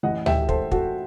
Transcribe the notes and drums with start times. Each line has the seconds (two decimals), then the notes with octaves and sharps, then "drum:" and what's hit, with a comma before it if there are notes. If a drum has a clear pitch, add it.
0.03 A1 A2 E3 D#5 F#5
0.26 E5 G5, drum: tom D2
0.49 A4 C5, drum: kick
0.71 F#4 A4, drum: kick